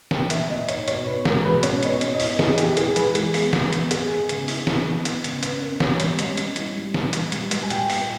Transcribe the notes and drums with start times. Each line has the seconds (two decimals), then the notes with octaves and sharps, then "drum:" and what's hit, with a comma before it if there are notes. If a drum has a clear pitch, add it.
0.11 A#3 G5, drum: snare
0.30 A#2 E5, drum: hi-hat
0.50 A#3 D#5
0.69 D#4 C#5, drum: hi-hat
0.88 B2 C#5, drum: hi-hat
1.06 B2 B4
1.25 G#3 A#4, drum: snare
1.44 B2 B4
1.63 C#4 C#5, drum: hi-hat
1.83 B2 D#5, drum: hi-hat
1.89 C#5
2.01 C#4, drum: hi-hat
2.14 D#5
2.20 E4, drum: open hi-hat
2.39 E4 G#4, drum: snare
2.58 E4 G4, drum: hi-hat
2.77 E4 G#4, drum: hi-hat
2.96 E3 B4, drum: hi-hat
3.15 G#3 G#4, drum: hi-hat
3.34 B3, drum: open hi-hat
3.53 B3, drum: snare
3.73 B3, drum: hi-hat
3.91 B3 G#4, drum: hi-hat
4.10 B3
4.29 C#3, drum: hi-hat
4.48 E4, drum: open hi-hat
4.67 E4, drum: snare
4.85 B3
5.05 B3, drum: hi-hat
5.24 C#3, drum: hi-hat
5.43 C#4 B4, drum: hi-hat
5.61 C#4 A#4
5.80 C#4 C#5, drum: snare
6.00 G3 C#5, drum: hi-hat
6.19 G3 D#5, drum: hi-hat
6.37 C#4, drum: hi-hat
6.56 E4, drum: hi-hat
6.76 G3
6.94 A#2, drum: snare
7.13 A#2, drum: hi-hat
7.32 G3, drum: hi-hat
7.51 G3, drum: hi-hat
7.63 G#5
7.70 A#2 G5, drum: hi-hat
7.90 A#2, drum: open hi-hat